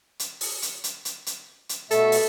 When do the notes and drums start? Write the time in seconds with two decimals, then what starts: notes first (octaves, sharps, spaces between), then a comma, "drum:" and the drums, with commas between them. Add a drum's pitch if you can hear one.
0.19 drum: hi-hat
0.41 drum: open hi-hat
0.62 drum: hi-hat
0.84 drum: hi-hat
1.05 drum: hi-hat
1.26 drum: hi-hat
1.69 drum: hi-hat
1.91 B2 A3 A4 E5, drum: hi-hat
2.12 drum: open hi-hat